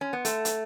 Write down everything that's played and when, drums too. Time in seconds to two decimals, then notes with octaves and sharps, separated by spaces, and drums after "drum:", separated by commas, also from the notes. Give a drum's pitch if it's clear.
0.01 C#4
0.13 B3
0.25 A3, drum: hi-hat
0.45 drum: hi-hat